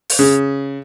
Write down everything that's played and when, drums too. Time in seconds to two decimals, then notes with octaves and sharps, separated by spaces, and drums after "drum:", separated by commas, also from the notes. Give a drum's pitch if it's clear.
0.10 drum: open hi-hat
0.19 C#3